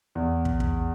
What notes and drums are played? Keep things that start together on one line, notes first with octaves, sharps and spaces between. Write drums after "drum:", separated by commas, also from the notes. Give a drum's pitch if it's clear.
E2
drum: kick
drum: kick